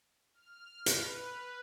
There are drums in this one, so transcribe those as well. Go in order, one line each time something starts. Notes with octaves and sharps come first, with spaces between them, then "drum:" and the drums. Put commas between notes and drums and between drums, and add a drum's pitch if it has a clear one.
F6
B4, drum: hi-hat